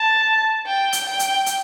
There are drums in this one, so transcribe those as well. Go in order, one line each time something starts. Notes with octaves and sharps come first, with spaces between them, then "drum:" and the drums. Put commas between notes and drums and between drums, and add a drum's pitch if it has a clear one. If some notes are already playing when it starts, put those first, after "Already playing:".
Already playing: A5
G5
drum: hi-hat
G5
drum: hi-hat
drum: hi-hat